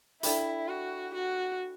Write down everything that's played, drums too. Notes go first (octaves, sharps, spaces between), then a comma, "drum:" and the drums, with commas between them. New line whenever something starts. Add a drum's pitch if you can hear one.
D4 E4 A4 D5 G5 B5, drum: hi-hat
F#4
F#4